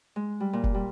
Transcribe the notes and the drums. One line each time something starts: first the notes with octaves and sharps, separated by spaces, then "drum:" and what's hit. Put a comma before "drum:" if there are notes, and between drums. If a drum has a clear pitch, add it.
G#3
G3
A#2
drum: kick F1
G3